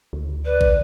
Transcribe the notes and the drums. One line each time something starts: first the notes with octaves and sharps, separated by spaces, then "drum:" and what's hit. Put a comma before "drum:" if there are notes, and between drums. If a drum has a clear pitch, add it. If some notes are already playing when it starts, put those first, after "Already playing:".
D2
B4 D5
drum: kick